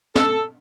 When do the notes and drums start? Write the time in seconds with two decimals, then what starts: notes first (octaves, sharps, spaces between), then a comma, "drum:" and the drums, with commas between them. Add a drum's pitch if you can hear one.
0.16 A4, drum: snare